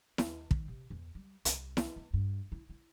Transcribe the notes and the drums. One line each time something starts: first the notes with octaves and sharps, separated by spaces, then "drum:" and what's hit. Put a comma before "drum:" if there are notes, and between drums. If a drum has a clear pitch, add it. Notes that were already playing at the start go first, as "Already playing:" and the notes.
D#2, drum: snare E4
D#3, drum: kick
C3
E2
G3
C2, drum: hi-hat
drum: snare E4
B3
G2
E4
E4